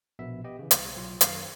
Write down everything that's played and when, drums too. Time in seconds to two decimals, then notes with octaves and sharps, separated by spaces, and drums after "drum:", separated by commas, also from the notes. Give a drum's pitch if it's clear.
0.19 A#1 B2 B3 E5
0.44 B3 G4 D#5 G5
0.59 C#3 E3
0.71 C2, drum: hi-hat
0.96 B1 F#3 F4 C6
1.21 F#2 D#3 C#4 F5 C7, drum: hi-hat